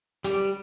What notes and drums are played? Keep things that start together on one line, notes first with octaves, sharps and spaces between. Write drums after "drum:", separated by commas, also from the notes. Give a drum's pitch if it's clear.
G3 G4, drum: hi-hat